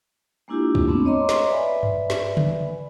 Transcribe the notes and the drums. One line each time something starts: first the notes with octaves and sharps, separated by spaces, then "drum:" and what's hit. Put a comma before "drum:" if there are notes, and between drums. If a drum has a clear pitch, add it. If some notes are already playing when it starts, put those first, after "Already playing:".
G#3 A#3 D4 E4 F4 G4
drum: kick
A3 B3 C4 D4
C#5 D#5 A#5 C6 D6
drum: snare
B4 D5 E5 G#5 B5
drum: tom G2
drum: snare
drum: tom C#3